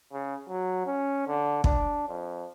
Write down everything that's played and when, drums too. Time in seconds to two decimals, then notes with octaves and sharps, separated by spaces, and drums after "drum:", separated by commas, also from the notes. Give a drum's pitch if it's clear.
0.12 C#3
0.48 F#3
0.86 C#4
1.28 D3
1.64 D4, drum: kick
2.08 F2